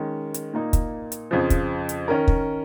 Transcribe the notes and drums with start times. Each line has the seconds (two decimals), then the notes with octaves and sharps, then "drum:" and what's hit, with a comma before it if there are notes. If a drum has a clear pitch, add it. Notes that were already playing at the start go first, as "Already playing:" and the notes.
Already playing: D#3 G#3 C#4
0.34 drum: hi-hat
0.54 A#2 A#3 D#4
0.73 drum: kick, hi-hat
1.12 drum: hi-hat
1.31 F2 C#3 F3
1.50 drum: kick, hi-hat
1.89 drum: hi-hat
2.08 D#3 C#4 A#4
2.28 drum: kick